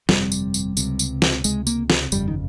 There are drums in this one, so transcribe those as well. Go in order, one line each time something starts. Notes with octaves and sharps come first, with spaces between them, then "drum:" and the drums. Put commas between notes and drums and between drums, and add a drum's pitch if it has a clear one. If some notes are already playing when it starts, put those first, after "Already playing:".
G1 F2 C3 G3, drum: snare
drum: tambourine
drum: tambourine
C#2 C3, drum: tambourine
drum: tambourine
drum: snare
C#2 C3 G#3, drum: tambourine
A#3, drum: tambourine
drum: snare
G1 F2 C#3 G3, drum: tambourine
D#3